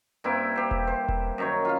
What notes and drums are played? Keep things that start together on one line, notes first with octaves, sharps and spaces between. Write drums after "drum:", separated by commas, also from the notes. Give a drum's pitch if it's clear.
G2 A#3 C4 E4
G4 C5
drum: kick E1
C5
drum: kick E1
F#2 D#3 C#5
F4 F5